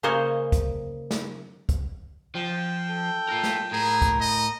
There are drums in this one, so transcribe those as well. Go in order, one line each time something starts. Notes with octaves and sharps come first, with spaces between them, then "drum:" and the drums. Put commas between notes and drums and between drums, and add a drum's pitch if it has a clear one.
C#3 A#3 C5 C#5 D#5 G#5
drum: kick, hi-hat
drum: snare
drum: kick, hi-hat
F3 G5
A4
F4 A#4
drum: snare
A2 G#4 A#4
drum: kick, hi-hat
A#4 D#5